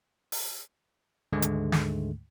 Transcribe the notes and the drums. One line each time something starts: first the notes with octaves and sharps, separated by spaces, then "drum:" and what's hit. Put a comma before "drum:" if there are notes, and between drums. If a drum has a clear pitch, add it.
drum: open hi-hat
D2 G#2 D3 D#3 G#3 A3
drum: hi-hat
drum: snare